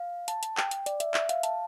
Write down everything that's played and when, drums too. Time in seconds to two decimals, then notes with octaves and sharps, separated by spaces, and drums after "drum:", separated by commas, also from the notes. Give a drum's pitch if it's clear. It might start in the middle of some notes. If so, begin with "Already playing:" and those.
Already playing: F5
0.28 A5, drum: hi-hat
0.43 drum: hi-hat
0.57 G5, drum: clap
0.71 drum: hi-hat
0.86 D5, drum: hi-hat
1.00 E5, drum: hi-hat
1.14 E5, drum: clap
1.29 F5, drum: hi-hat
1.43 A5, drum: hi-hat